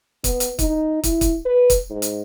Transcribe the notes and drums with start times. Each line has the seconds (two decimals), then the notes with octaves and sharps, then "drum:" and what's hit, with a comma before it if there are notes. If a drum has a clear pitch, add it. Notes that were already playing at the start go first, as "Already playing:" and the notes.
0.24 B3, drum: kick, hi-hat
0.40 drum: hi-hat
0.59 D#4, drum: kick, hi-hat
1.04 E4, drum: kick, hi-hat
1.21 drum: kick, hi-hat
1.45 B4
1.70 drum: kick, hi-hat
1.90 G#2
2.02 drum: hi-hat